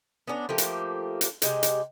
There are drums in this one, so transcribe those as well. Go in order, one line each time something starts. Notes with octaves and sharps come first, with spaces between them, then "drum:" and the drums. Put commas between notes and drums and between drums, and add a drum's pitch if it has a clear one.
B3 C#4 D4 A#5
F3 A3 A#3 G4
drum: hi-hat
drum: hi-hat
C3 G#3 G4, drum: hi-hat
drum: hi-hat